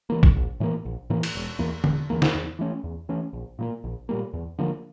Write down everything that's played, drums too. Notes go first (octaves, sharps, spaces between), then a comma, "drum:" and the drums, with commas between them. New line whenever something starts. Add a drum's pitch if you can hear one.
E3 A#3
drum: kick A1
A#1
A2 E3 A#3
A#1
A2 E3 A#3
drum: cymbal
E1
E2 E3 A#3
E1, drum: tom D3
E2 E3 A#3
drum: snare
E2
E3 A3 C#4
E2
E3 A3 C#4
A#1
A#2 G3 A#3
A#1
A#2 G3 A#3
E2
D3 F3 A#3